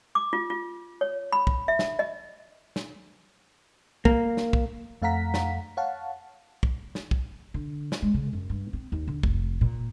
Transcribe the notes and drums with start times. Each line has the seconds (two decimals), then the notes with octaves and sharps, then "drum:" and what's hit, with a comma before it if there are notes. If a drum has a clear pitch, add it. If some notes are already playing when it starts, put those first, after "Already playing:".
0.15 D6
0.33 F4
0.50 F4
1.01 C#5
1.32 B5
1.47 drum: kick
1.68 E5
1.79 drum: snare
1.99 D#5
2.76 drum: snare
4.05 A#3, drum: kick
4.37 drum: snare
4.53 drum: kick
5.02 F2 A3 F5 F#5 A#5 B6
5.34 drum: snare
5.77 C#5 F5 F#5 A5
6.63 drum: kick
6.95 drum: snare
7.11 drum: kick
7.54 D3
7.92 drum: snare
8.02 G#3
8.14 C#3
8.33 F#2
8.49 G2
8.73 C4
8.92 D#2
9.07 D3
9.23 F1, drum: kick
9.61 A#2